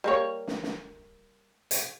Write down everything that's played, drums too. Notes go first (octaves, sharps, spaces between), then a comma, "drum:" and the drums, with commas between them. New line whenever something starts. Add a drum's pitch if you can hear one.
G3 A#3 C#5
drum: snare
drum: snare
drum: hi-hat